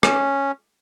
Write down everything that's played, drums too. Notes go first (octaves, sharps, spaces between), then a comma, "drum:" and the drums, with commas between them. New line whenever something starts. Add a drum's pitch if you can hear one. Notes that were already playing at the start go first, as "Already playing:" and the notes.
C#4, drum: rim click